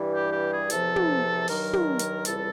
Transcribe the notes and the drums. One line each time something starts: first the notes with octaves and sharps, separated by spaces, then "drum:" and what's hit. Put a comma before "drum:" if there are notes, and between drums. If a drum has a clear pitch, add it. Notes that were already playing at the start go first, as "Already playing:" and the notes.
Already playing: G2 E3 G3
G4
G4
G#4
E2 C3 F3 A4, drum: hi-hat
drum: tom
G2 D#3 F#3 A#4, drum: open hi-hat
drum: tom
drum: hi-hat
C#2 C3 E3 G3 A4, drum: hi-hat